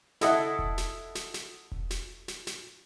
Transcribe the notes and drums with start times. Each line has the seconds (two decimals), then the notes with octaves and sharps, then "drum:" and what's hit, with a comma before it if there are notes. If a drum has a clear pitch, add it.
0.21 E4 A4 D#5 E5 F#5, drum: snare
0.59 drum: kick E1
0.78 drum: snare
1.15 drum: snare
1.34 drum: snare
1.72 drum: kick E1
1.90 drum: snare
2.28 drum: snare
2.47 drum: snare